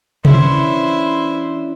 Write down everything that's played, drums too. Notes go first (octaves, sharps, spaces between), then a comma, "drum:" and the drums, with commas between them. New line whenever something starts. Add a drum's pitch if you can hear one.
E3 C#4 D4 E4 C5 C#5, drum: tom C3